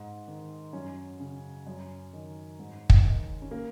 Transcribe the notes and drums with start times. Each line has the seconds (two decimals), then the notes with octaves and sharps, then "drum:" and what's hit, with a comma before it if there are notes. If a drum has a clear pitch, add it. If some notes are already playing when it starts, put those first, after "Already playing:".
Already playing: G#2
0.28 D#3
0.73 F#2 C#4
1.20 C#3
1.67 F#2
2.13 D#3
2.59 G#2
2.90 drum: kick
3.05 D#3
3.42 C#4
3.51 A#3